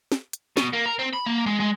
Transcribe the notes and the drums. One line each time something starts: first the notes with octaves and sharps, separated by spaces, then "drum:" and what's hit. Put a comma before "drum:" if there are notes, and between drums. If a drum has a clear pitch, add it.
drum: snare
drum: hi-hat
B2, drum: snare
A#3
A#4
C4
B5
A#3
G#3
G#3